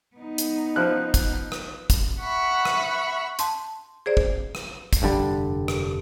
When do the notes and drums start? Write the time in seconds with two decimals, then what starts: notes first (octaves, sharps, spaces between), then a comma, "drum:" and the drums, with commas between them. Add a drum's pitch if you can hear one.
0.17 B3 D#4
0.38 drum: hi-hat
0.76 F3 F#6
1.14 drum: kick, hi-hat
1.52 drum: rim click
1.90 drum: kick, hi-hat
2.20 E5 F#5 B5 C#6
2.65 drum: rim click
3.39 A5 C6, drum: hi-hat
4.06 G#4 C5 D5
4.17 drum: kick
4.55 drum: rim click
4.93 drum: kick, hi-hat
5.02 F1 G2 D3 G3
5.68 drum: rim click